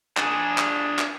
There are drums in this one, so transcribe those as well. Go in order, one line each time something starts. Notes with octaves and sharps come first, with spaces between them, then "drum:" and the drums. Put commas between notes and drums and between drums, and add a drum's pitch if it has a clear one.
D4 G#4, drum: clap
drum: clap
drum: clap